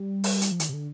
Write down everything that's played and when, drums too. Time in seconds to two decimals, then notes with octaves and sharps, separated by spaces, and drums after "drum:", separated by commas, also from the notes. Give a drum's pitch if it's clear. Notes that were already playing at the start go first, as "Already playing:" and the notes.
Already playing: G3
0.24 drum: open hi-hat
0.42 drum: hi-hat
0.52 F3
0.60 D#3, drum: hi-hat
0.69 C3
0.73 D3